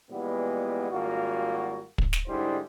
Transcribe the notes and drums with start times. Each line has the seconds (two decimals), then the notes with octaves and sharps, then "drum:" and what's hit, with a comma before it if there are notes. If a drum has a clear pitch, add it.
0.11 A#2 E3 G3 G#3 B3
0.90 G#1 G3 A#3 F4 F#4
1.98 drum: kick
2.13 drum: snare
2.28 G#2 D3 G3 G#3 E4 C5